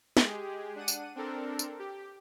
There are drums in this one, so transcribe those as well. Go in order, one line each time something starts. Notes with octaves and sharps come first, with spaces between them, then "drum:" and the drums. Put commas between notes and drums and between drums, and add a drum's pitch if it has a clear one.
G#3 G4 G#4, drum: snare
D4 F#5 D#7
drum: tambourine
C4 D4 A4 A#4
drum: tambourine
G4